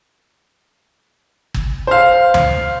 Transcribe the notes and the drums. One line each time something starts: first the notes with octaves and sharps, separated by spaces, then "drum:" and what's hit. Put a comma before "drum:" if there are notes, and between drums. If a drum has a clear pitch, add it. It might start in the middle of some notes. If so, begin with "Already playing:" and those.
drum: kick
C5 F5
drum: tom D2